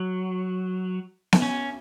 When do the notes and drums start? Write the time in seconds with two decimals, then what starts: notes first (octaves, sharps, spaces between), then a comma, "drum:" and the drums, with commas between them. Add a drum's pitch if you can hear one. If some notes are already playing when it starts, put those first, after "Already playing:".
Already playing: F#3
1.33 drum: snare B3
1.42 C#4